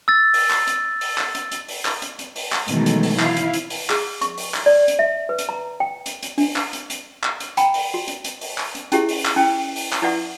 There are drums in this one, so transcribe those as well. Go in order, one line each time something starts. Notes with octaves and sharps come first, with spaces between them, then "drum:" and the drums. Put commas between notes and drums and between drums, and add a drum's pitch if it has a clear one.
E6 A6
drum: open hi-hat
drum: clap
drum: hi-hat
drum: open hi-hat
drum: clap
drum: hi-hat
drum: hi-hat
drum: open hi-hat
drum: clap
drum: hi-hat
drum: hi-hat
drum: open hi-hat
drum: clap
B2 D#3 E3 F#3 G#3 A3, drum: hi-hat
drum: hi-hat
drum: open hi-hat
E4 F5, drum: clap
drum: hi-hat
drum: hi-hat
drum: open hi-hat
G#4, drum: clap
C#6, drum: hi-hat
drum: open hi-hat
drum: clap
D5
drum: hi-hat
E5
B4
drum: hi-hat
A#5
G5
drum: hi-hat
drum: hi-hat
D4, drum: open hi-hat
drum: clap
drum: hi-hat
drum: hi-hat
drum: clap
drum: hi-hat
F#5 G5 A#5 B5, drum: hi-hat
drum: open hi-hat
F#4
drum: hi-hat
drum: hi-hat
drum: open hi-hat
drum: clap
drum: hi-hat
C#4 E4 G4 G#4 E5, drum: hi-hat
drum: open hi-hat
drum: clap
C#4 E4 G5
drum: open hi-hat
drum: clap
E4 B4 D5 E5 F#5 C#6